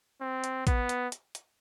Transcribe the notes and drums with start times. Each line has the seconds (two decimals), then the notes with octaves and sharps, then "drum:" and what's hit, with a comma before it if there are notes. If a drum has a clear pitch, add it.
0.21 C4
0.44 drum: hi-hat
0.67 B3, drum: kick A1, hi-hat
0.89 drum: hi-hat
1.12 drum: hi-hat
1.35 drum: hi-hat